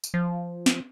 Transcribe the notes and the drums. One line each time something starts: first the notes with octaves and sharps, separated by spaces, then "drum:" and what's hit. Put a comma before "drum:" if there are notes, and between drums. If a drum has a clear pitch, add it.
drum: tambourine
F3
drum: snare